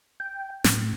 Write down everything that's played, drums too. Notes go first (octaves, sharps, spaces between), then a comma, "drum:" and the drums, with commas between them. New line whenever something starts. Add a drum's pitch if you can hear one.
G5
A2, drum: snare